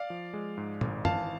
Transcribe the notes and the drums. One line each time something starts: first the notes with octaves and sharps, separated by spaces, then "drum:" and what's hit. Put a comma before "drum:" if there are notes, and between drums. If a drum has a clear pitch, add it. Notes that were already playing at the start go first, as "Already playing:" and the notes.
Already playing: D5 F5
F3
G#3
G#2
G#1, drum: tom
E3 F5 A5, drum: tom